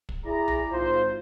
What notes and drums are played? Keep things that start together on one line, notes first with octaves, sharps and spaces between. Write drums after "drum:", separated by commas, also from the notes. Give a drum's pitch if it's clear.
drum: kick
E4 G#4 D5 A#5
drum: tom B1
G#1 F4 C5